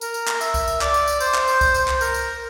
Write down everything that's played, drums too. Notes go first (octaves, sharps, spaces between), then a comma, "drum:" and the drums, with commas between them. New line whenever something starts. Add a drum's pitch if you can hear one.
A#4, drum: tambourine
drum: tambourine
drum: clap
E5, drum: tambourine
drum: kick C2, tambourine
drum: tambourine
D5, drum: clap
drum: tambourine
drum: tambourine
C5, drum: tambourine
drum: clap
drum: tambourine
drum: kick C2, tambourine
drum: tambourine
drum: clap
A#4, drum: tambourine
drum: tambourine